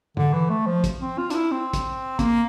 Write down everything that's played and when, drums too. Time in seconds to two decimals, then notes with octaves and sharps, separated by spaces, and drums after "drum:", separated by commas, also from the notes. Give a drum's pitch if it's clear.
0.17 D3, drum: tom
0.33 E3
0.50 A3
0.66 F3
0.84 drum: kick, hi-hat
1.00 C4
1.18 F4
1.30 D4, drum: hi-hat
1.34 E4
1.51 C4
1.73 drum: kick, hi-hat
2.19 A#3, drum: kick, hi-hat